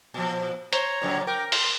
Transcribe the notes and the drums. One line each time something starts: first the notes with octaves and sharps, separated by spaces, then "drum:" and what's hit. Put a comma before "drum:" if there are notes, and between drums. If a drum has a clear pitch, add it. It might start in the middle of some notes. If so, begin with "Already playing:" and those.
A#2 F3
C5 C#5 A#5, drum: hi-hat
A#2 C#3 F#3
A#4 G5 D6
C6, drum: open hi-hat